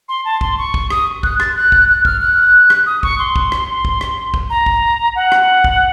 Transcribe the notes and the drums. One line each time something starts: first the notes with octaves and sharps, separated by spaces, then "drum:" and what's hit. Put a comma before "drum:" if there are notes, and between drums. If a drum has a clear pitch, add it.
C6
A5
C6, drum: kick
C#6
drum: kick
D#6, drum: rim click
F#6, drum: kick
A6, drum: rim click
F#6
drum: kick
F#6
F6, drum: kick
F#6
drum: rim click
D#6
C#6, drum: kick
C6
drum: kick
drum: rim click
drum: kick
drum: rim click
drum: kick
A#5
drum: kick
F#5
drum: rim click
drum: kick